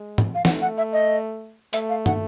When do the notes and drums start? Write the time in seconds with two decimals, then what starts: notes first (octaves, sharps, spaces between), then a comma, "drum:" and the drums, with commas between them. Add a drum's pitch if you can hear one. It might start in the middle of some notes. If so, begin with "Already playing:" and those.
Already playing: G#3
0.18 drum: tom
0.34 F5
0.45 A3 F#5, drum: snare
0.61 F#5
0.77 E5
0.93 D#5
1.73 A3 E5, drum: hi-hat
1.89 F5
2.06 F#5, drum: tom